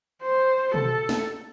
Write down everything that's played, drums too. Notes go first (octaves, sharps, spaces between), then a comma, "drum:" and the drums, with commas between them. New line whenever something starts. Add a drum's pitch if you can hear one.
C5
A4, drum: tom B2
drum: snare